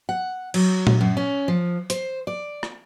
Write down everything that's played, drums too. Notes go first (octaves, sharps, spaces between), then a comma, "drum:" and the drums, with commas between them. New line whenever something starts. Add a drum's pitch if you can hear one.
F#5
F#3, drum: cymbal
drum: tom A#2
F#2
C#4
F3
C5, drum: hi-hat
D5
drum: rim click